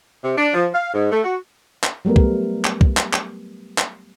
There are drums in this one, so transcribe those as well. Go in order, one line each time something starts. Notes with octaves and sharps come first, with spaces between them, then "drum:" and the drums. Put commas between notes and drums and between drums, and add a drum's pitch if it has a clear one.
C3
D4
F3
F5
G#2
A3
F#4
drum: clap
F#3 G3 A3 B3 A#4
drum: kick
drum: clap
drum: kick
drum: clap
drum: clap
drum: clap